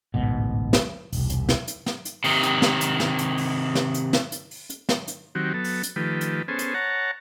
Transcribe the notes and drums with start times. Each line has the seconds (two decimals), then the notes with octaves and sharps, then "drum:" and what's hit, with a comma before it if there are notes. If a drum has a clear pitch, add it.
0.14 A1 D2 G#2 B2
0.73 drum: snare
1.13 E1 C2, drum: open hi-hat
1.30 drum: hi-hat
1.49 drum: snare
1.67 drum: hi-hat
1.86 drum: snare
2.05 drum: hi-hat
2.24 C3 D#3, drum: open hi-hat
2.43 drum: hi-hat
2.62 drum: snare
2.81 drum: hi-hat
3.00 drum: snare
3.19 drum: hi-hat
3.38 drum: open hi-hat
3.75 drum: snare
3.94 drum: hi-hat
4.13 drum: snare
4.32 drum: hi-hat
4.51 drum: open hi-hat
4.70 drum: hi-hat
4.89 drum: snare
5.08 drum: hi-hat
5.35 D#3 F#3 C4 F#4 G4
5.54 F#3 B3 A4
5.64 drum: open hi-hat
5.83 drum: hi-hat
5.96 D#3 F3 A3 G4 B4
6.21 drum: hi-hat
6.48 B3 C#4 G#4 A4 C5
6.59 drum: hi-hat
6.74 C#5 F#5 A5 A#5